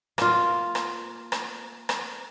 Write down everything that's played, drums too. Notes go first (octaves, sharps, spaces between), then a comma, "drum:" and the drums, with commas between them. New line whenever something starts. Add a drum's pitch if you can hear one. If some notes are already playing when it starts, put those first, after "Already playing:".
A#3 F4, drum: rim click
drum: rim click
drum: rim click
drum: rim click